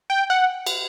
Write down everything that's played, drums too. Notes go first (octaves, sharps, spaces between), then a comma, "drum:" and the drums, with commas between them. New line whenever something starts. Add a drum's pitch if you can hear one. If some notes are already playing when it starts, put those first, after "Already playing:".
G5
F#5
drum: cymbal